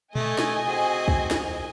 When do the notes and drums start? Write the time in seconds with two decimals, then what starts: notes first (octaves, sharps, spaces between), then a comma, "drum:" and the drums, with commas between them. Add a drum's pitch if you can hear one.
0.15 A3 D#5 G#5, drum: tom A#2
0.38 drum: snare
0.67 C4 F#4 G#4
1.08 drum: kick
1.31 drum: snare